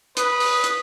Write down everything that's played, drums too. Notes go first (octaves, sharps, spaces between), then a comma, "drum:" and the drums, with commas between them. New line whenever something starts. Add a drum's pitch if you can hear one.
B4 D#6, drum: hi-hat
drum: open hi-hat
drum: hi-hat